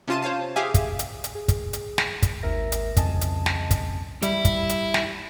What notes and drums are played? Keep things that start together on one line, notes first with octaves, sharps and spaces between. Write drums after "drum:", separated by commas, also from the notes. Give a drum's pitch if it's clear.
C3 C#4 F4 A5 D#7
C5 C#5 F5 A5
G4 G#4 E5 F5 G#5
drum: kick, hi-hat
drum: hi-hat
drum: hi-hat
G#4
drum: kick, hi-hat
drum: hi-hat
drum: snare
drum: kick, hi-hat
G#1 D#2 A#4 E5 A#6
drum: hi-hat
C2 F2 C#3 D#5 G#5 A5, drum: kick, hi-hat
drum: hi-hat
drum: snare
drum: kick, hi-hat
G3 E4, drum: hi-hat
drum: kick, hi-hat
drum: hi-hat
drum: snare